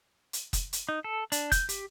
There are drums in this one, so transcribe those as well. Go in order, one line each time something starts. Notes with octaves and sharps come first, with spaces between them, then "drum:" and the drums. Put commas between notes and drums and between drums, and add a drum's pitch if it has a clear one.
drum: hi-hat
drum: kick, hi-hat
drum: hi-hat
D#4
A4
D4, drum: hi-hat
G6, drum: kick, hi-hat
G4, drum: hi-hat